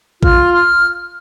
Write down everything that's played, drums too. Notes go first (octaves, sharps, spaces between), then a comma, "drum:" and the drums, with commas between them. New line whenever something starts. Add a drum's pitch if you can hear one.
F4 F6, drum: kick A1
F6